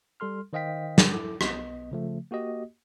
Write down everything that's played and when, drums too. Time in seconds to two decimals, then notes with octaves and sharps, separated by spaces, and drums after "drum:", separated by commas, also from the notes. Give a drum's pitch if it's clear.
0.20 G3 A4 C6 F6
0.53 D#3 C5 D#5 F5 G5 B6
0.98 drum: snare
1.12 E4 A4 D6
1.41 B1 B3 D#5, drum: rim click
1.91 C#3 F3 A3
2.31 A#3 F#4 G4 D#5